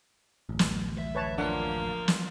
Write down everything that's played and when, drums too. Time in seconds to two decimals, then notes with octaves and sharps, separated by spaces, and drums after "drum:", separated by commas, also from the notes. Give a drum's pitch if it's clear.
0.49 D1 A1
0.59 drum: snare
0.98 E5
1.15 B4 C#5 A5
1.38 F3 A#3 D4 F#5
2.08 drum: snare